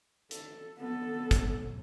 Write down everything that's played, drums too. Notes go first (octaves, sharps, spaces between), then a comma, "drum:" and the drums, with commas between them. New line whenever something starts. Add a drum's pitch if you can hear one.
A4, drum: hi-hat
B3 A4
drum: kick, hi-hat